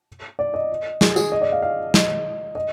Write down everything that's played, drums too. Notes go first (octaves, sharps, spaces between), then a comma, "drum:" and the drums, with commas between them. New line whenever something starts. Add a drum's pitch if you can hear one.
D5
D#5
G#4, drum: snare
G#4, drum: tambourine
D#5
D5
F5
F5
D#5, drum: snare
D#5